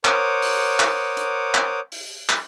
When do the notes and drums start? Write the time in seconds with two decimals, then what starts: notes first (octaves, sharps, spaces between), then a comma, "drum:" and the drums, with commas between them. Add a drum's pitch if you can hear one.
0.05 A#4 C5 C#5 F#5 D6 D#6, drum: clap
0.42 drum: open hi-hat
0.80 drum: clap
1.17 drum: hi-hat
1.54 drum: clap
1.92 drum: open hi-hat
2.29 drum: clap